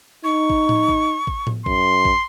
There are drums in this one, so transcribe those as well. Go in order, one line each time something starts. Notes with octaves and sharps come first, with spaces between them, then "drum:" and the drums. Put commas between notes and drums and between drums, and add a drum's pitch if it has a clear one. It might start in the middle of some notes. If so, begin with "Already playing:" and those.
D#4 C#6
drum: kick
drum: tom A2
drum: kick
drum: kick
drum: tom A2
F#2 C6, drum: kick
drum: kick